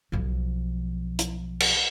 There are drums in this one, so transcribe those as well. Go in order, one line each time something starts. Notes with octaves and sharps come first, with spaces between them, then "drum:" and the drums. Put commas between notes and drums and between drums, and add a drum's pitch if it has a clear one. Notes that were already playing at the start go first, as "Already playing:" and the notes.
B1 F3
drum: hi-hat
drum: cymbal